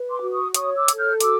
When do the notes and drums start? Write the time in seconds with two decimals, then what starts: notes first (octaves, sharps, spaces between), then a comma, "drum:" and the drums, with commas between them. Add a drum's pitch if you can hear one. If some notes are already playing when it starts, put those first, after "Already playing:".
Already playing: B4
0.11 C6 D6
0.22 F#4
0.32 C#6 D#6
0.54 C#5 C#6 D#6, drum: hi-hat
0.76 D6 E6
0.88 A4, drum: hi-hat
0.98 F6 G6
1.21 F#4 D6 E6, drum: hi-hat